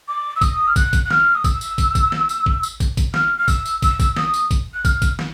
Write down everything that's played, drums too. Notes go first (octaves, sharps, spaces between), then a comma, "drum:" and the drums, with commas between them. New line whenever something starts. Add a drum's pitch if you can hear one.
D6
E6
D#6, drum: kick, tambourine
F6
F#6, drum: kick, tambourine
drum: kick, tambourine
F#6
F6, drum: snare
D#6
E6, drum: kick, tambourine
drum: tambourine
drum: kick, tambourine
drum: kick, tambourine
drum: snare
drum: tambourine
drum: kick
drum: tambourine
drum: kick, tambourine
drum: kick, tambourine
F6, drum: snare
F6
E6, drum: kick, tambourine
drum: tambourine
E6, drum: kick, tambourine
drum: kick, tambourine
D#6, drum: snare
drum: tambourine
drum: kick, tambourine
F#6
F6, drum: kick, tambourine
drum: kick, tambourine
drum: snare